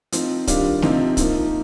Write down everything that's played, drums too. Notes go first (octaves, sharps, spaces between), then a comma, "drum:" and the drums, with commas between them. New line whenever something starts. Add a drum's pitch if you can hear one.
F3 C4 D#4, drum: hi-hat
D#3 G3 D4 F4, drum: kick, hi-hat
C3 F3 C4 D#4, drum: snare
F3 A#3 D#4, drum: kick, hi-hat